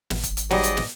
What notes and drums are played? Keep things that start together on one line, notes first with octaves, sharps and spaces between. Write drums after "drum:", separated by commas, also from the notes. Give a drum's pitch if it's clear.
G#1, drum: snare
drum: kick, hi-hat
drum: hi-hat
G#2 F#3 G3 D5 D#5, drum: snare
drum: hi-hat
drum: snare